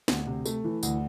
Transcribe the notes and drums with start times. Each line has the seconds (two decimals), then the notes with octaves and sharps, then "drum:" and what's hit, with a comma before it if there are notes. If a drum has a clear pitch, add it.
0.08 D2, drum: snare
0.27 C3
0.46 A3, drum: tambourine
0.64 E3
0.83 D2, drum: tambourine